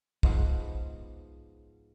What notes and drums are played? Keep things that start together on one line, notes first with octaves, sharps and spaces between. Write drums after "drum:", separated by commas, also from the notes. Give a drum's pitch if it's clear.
G#2 F3 B3, drum: kick